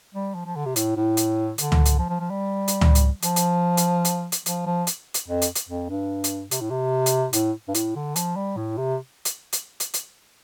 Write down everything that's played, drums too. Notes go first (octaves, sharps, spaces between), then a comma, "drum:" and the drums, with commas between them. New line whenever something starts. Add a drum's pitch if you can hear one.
G3
F3
F3
D3
C3
A2, drum: hi-hat
A2
drum: hi-hat
D3, drum: hi-hat
drum: tom C#2
drum: hi-hat
F3
F3
F3
G3
drum: hi-hat
drum: tom C#2
drum: hi-hat
F3, drum: hi-hat
drum: hi-hat
drum: hi-hat
drum: hi-hat
drum: hi-hat
F3, drum: hi-hat
F3
drum: hi-hat
drum: hi-hat
F2
drum: hi-hat
drum: hi-hat
F2
G2
drum: hi-hat
C3, drum: hi-hat
A2
C3
drum: hi-hat
A2, drum: hi-hat
G2
A2, drum: hi-hat
D3
F3, drum: hi-hat
G3
A2
C3
drum: hi-hat
drum: hi-hat
drum: hi-hat
drum: hi-hat